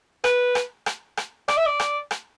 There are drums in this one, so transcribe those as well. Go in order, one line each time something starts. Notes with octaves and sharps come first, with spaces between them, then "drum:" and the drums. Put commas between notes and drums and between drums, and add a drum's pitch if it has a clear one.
B4, drum: rim click
drum: rim click
drum: rim click
drum: rim click
D5, drum: rim click
E5
D5
drum: rim click
drum: rim click